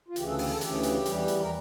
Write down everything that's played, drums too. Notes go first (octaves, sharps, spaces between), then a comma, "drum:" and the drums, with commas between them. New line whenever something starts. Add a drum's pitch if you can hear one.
F4
D2 C#3 E3 G4, drum: hi-hat
A4
G4, drum: open hi-hat
A4
D2 C#3 E3 G4, drum: hi-hat
drum: hi-hat
E2 E3 G3, drum: hi-hat
drum: hi-hat
A#4